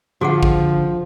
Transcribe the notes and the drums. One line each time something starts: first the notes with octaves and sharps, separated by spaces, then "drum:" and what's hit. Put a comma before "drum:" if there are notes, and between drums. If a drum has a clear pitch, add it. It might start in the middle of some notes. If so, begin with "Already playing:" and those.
D3 F3 F#4 G#4 F#5
drum: kick